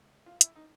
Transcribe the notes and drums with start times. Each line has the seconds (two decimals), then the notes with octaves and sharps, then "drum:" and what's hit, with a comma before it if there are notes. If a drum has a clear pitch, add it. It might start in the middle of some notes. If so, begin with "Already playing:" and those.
Already playing: C#2
0.26 F4
0.41 E4, drum: hi-hat
0.56 D#4